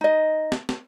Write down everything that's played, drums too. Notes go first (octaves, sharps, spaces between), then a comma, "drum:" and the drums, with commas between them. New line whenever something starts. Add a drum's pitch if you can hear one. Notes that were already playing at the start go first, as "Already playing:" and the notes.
D#4 D#5
drum: snare
drum: snare